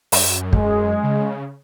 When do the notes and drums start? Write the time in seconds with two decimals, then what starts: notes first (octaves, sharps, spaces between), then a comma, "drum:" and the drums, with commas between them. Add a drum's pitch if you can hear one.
0.12 F#2, drum: open hi-hat
0.53 G#3, drum: kick
1.03 C#3